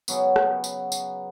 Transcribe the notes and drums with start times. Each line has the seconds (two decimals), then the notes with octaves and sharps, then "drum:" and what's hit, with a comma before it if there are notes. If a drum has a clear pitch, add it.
0.08 C#3 F#3 B3, drum: tambourine
0.36 drum: rim click
0.64 drum: tambourine
0.92 drum: tambourine